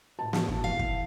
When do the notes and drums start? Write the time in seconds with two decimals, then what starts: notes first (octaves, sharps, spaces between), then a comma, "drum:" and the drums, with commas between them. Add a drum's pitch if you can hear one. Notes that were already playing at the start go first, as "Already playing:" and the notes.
0.19 A2 A5
0.33 drum: snare
0.48 drum: kick
0.64 E3 F5
0.79 drum: kick